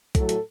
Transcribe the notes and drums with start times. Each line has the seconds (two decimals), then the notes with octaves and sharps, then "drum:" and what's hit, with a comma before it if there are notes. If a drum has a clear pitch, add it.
0.15 A2 F#3 A4, drum: kick, hi-hat
0.29 drum: hi-hat